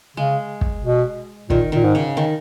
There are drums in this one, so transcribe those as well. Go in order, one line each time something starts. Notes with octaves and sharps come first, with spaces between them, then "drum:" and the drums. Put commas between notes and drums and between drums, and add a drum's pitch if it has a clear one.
C#3 G#3
drum: kick
B2
A#2 D#3, drum: kick
A#2 D#3
G#2
C#3
D#3